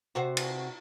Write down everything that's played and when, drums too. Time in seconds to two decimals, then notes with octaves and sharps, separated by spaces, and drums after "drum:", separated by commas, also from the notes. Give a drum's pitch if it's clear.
0.15 C3 F#4 C5
0.37 drum: cymbal